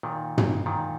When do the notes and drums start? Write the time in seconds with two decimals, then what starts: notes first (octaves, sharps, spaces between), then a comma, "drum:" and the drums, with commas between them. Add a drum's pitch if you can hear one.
0.03 A#2 D#3
0.38 drum: tom
0.66 A#2 D#3